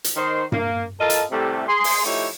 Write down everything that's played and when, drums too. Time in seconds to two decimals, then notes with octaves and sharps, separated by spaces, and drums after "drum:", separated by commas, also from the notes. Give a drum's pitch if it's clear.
0.04 drum: hi-hat
0.16 D#3 C5
0.52 A#3, drum: tom G2
1.00 F4 A4 A#4 D#5 A5
1.10 drum: hi-hat
1.31 A2 C3 G3 A3
1.68 G#4 C6
1.84 drum: open hi-hat
2.04 F3 A3 D#4 E4 G4 C#5